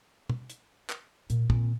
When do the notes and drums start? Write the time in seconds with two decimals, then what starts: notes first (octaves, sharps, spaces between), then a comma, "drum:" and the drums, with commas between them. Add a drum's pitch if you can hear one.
0.30 drum: tom
0.50 drum: hi-hat
0.90 drum: clap
1.30 A#2, drum: hi-hat
1.50 A#2 D#3 C4, drum: kick